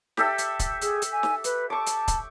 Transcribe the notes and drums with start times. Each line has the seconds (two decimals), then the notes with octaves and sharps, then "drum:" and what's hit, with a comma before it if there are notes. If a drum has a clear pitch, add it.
0.17 G4 A4 E5, drum: snare
0.38 drum: hi-hat
0.60 drum: kick, hi-hat
0.82 G#4, drum: hi-hat
1.02 drum: hi-hat
1.12 G#5
1.23 drum: snare
1.44 B4, drum: hi-hat
1.70 A5 C#6 D6
1.87 drum: hi-hat
2.08 drum: kick, hi-hat